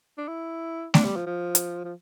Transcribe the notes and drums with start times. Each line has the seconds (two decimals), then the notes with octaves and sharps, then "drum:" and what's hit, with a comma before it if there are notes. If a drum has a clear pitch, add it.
0.18 D4
0.28 E4
0.94 D4, drum: snare A3
1.04 G3
1.16 F3
1.26 F3
1.55 drum: hi-hat
1.84 F3